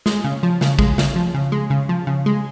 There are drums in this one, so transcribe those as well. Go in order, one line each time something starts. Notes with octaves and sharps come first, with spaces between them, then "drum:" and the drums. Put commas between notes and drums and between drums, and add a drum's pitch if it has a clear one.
G#3, drum: snare
C#3
F3
C#3, drum: snare
G#3, drum: kick
C#3, drum: snare
F3
C#3
G#3
C#3
F3
C#3
G#3